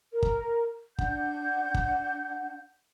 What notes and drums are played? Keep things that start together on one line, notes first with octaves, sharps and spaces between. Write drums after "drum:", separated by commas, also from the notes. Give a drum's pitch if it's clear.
A#4
drum: kick
D4 F#5 G6, drum: kick
drum: kick